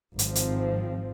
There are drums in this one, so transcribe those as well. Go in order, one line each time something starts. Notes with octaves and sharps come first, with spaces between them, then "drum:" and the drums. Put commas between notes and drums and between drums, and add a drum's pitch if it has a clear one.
G#1 F3 C4, drum: hi-hat
drum: hi-hat